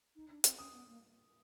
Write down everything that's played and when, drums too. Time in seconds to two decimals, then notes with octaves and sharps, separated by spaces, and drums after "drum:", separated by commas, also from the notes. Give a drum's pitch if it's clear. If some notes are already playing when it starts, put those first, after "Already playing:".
0.15 D#4
0.29 D4
0.44 C4, drum: hi-hat
0.58 C#4 D#6
0.73 B3
0.88 A#3